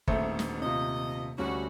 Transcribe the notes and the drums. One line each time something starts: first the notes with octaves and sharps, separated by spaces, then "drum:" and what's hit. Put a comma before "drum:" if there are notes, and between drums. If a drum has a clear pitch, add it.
D#1 G#2 B2 D3 A3 C4, drum: kick G1
drum: snare
C3 F4 D#5
D2 G3 C#4 F#4